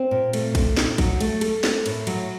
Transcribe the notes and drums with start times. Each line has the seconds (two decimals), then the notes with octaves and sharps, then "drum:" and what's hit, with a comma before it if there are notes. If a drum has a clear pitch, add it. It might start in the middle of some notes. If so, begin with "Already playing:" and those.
Already playing: C4
0.11 A#2
0.33 A3, drum: cymbal
0.55 A#2, drum: kick A#1, cymbal
0.77 D#4, drum: snare
0.98 F#3, drum: kick A#1, cymbal
1.21 A3, drum: cymbal
1.41 A4, drum: cymbal
1.64 A#3, drum: snare
1.86 A2, drum: cymbal
2.07 F#3, drum: cymbal